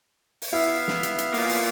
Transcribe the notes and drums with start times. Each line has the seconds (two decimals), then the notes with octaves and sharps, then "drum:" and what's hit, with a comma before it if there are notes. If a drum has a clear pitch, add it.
0.42 drum: open hi-hat
0.53 B3 E4 E5 F5
0.88 drum: snare
1.03 drum: hi-hat
1.18 drum: hi-hat
1.34 A#3 F4, drum: open hi-hat
1.49 drum: open hi-hat